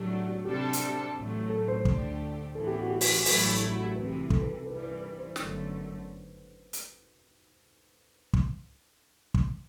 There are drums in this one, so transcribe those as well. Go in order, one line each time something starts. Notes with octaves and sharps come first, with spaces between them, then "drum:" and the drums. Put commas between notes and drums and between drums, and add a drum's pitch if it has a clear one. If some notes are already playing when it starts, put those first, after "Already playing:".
Already playing: A2 F#3 A3 D4 G4
F#4
G4
C3 G3 D4 G4 A4 C5
drum: hi-hat
A1 A2 F#3 A3
A4
C5
D2 D3 A3 D4 G4, drum: kick
A2 E3 B3 A4
G4
F#4
G4
drum: open hi-hat
G4
A1 G2 F#3 A3 E4 A4, drum: open hi-hat
G4
F#4
G4
C2 C3 E3 B4
G4
G4
A4, drum: kick
B4
A4
G2 E3 G3 B4
B4
B4
C5
G1 F#2 D3 A3, drum: snare
drum: hi-hat
drum: kick
drum: kick